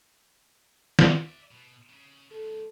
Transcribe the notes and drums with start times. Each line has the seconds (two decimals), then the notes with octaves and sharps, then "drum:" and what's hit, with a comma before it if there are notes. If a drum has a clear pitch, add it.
0.99 drum: snare
1.13 D5 E5
1.51 B2
1.90 C#3
2.31 C#2 D#3 A4